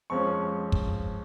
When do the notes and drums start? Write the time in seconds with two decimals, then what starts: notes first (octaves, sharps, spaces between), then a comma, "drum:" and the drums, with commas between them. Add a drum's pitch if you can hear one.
0.10 F2 F3 G#3 C#4 C#6
0.72 drum: kick